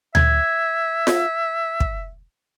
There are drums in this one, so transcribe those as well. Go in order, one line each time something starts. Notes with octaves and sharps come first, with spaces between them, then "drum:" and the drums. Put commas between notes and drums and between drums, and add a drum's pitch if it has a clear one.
E5 G#6, drum: tom D2
drum: snare F4
drum: kick